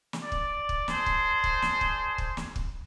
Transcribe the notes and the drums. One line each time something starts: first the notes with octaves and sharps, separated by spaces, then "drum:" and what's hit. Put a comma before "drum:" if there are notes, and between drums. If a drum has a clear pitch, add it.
drum: snare
D5
drum: kick
drum: kick
D4 G#4 C5, drum: snare
drum: kick
drum: kick
drum: snare
drum: kick
drum: kick
drum: snare
drum: kick